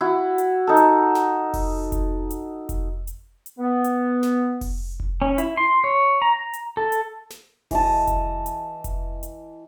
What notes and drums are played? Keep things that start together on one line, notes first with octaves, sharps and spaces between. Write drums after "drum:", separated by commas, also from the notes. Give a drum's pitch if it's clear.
E4 F#4
drum: hi-hat
D#4 A4
drum: hi-hat
drum: snare
drum: kick F1, open hi-hat
drum: kick F1, hi-hat
drum: hi-hat
drum: kick F1, hi-hat
drum: hi-hat
drum: hi-hat
B3
drum: hi-hat
drum: snare
drum: kick F1, open hi-hat
drum: kick F1
C#4
E4, drum: hi-hat
C6
C#5
A#5
drum: hi-hat
A4
drum: hi-hat
drum: snare
E3 D#5 A5, drum: kick F1, open hi-hat
drum: kick F1, hi-hat
drum: hi-hat
drum: kick F1, hi-hat
drum: hi-hat